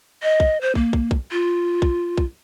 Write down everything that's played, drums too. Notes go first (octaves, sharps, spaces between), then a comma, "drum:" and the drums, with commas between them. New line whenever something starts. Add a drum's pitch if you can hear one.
D#5
drum: kick
C5
A#3, drum: kick
drum: kick
drum: kick
F4
drum: kick
drum: kick